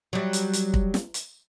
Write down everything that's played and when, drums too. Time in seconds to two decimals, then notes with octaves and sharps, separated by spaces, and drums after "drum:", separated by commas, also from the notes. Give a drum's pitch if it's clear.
0.13 F#3 G3
0.33 drum: hi-hat
0.53 drum: hi-hat
0.74 drum: kick
0.94 drum: snare
1.14 drum: hi-hat